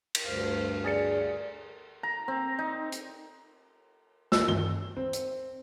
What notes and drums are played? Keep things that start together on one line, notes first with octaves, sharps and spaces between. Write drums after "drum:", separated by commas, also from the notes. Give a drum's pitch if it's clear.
drum: cymbal
D2 G2 C5 F5
G#4 D5 A6 C#7
A#5
C4
D#4
drum: hi-hat
E6, drum: snare
G7, drum: tom G2
C4
drum: hi-hat